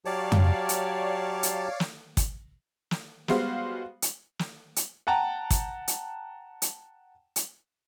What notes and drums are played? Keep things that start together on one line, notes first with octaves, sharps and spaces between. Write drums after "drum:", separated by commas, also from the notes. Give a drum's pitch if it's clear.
F#3 G4 C#5 D5 F5 A5
drum: tom F2
drum: hi-hat
drum: hi-hat
drum: snare
drum: kick, hi-hat
drum: snare
G3 G#3 B3 F#4 C5 F5, drum: snare
drum: hi-hat
drum: snare
drum: hi-hat
F#5 G5 A5 A#5
drum: kick, hi-hat
drum: hi-hat
drum: hi-hat
drum: hi-hat